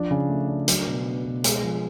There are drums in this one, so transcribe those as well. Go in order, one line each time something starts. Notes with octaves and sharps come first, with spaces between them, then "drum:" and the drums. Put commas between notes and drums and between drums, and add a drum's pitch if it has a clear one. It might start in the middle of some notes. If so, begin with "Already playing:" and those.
Already playing: F3 D4
C#3
A3
D4
F#3, drum: hi-hat
B2
B3
B2
G#3, drum: hi-hat
F3